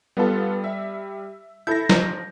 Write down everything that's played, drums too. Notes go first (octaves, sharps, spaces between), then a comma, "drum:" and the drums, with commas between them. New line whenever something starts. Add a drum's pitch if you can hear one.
G3 B3 F4 A4
E5
E4 A4 G6 A#6
F3, drum: snare